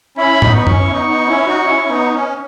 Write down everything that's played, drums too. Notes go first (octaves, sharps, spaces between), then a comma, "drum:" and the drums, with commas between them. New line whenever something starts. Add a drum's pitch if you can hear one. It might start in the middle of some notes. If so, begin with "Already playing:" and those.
C#4 E4 B5
B3 D#4, drum: tom A2
C#6
C#4, drum: tom F#2
E4
B3 D#4
B3 D#4
C#4 E4
D#4 F#4
C#4 E4
B3 D#4
C#4